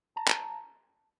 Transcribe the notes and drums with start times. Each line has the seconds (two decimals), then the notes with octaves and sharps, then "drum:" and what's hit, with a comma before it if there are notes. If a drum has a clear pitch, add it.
0.16 A5 A#5
0.28 drum: clap